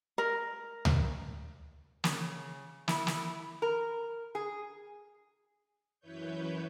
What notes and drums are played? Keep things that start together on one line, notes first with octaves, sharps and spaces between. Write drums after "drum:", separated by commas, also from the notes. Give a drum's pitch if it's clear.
A#4
drum: tom C#2
C#3, drum: snare
E4, drum: snare
drum: snare
A#4
G#4
F#2 E3 E4 B4 C#5 G6